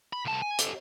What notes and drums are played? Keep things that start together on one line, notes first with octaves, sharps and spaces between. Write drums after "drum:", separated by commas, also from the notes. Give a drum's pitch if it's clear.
B5
C2 A5
G#5
G4 A4, drum: hi-hat